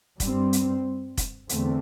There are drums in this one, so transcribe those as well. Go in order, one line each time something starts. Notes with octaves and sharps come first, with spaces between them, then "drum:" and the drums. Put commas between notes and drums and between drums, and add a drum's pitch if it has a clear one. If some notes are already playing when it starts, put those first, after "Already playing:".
G2 G3 C4, drum: kick F1, hi-hat
drum: hi-hat
drum: kick F1, hi-hat
E2 D3 A3 C4, drum: hi-hat